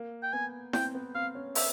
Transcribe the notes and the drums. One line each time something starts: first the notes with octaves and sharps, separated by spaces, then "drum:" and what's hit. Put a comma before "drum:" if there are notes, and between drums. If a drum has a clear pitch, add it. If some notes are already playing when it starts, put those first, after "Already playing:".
Already playing: A#3
G5
B3 G#5
C4 G5, drum: snare E4
B3
C4 F5
C#4
E5, drum: open hi-hat